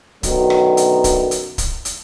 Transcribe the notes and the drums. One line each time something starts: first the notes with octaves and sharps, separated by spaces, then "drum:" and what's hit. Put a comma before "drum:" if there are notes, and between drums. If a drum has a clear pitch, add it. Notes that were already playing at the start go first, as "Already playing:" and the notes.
F#2 B2 D3 D#3 F#3, drum: kick, hi-hat
drum: rim click
drum: hi-hat
drum: kick, hi-hat
drum: hi-hat
drum: kick, hi-hat
drum: hi-hat